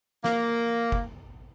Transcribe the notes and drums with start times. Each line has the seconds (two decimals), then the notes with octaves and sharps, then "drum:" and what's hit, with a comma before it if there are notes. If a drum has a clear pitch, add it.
0.24 A#3, drum: snare
0.92 drum: kick